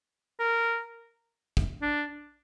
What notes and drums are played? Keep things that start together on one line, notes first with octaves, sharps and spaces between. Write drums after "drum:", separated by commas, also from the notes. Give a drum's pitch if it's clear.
A#4
drum: kick
D4